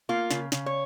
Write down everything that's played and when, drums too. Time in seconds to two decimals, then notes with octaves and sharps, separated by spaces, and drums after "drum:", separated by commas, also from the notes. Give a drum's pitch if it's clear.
0.09 A#3 F4
0.31 C#3, drum: snare
0.52 C#3, drum: snare
0.66 C#5